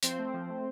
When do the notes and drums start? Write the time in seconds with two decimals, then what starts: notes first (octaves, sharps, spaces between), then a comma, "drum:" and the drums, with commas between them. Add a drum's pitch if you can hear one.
0.03 F3 C4 C5, drum: hi-hat
0.18 A3
0.34 F3
0.49 A3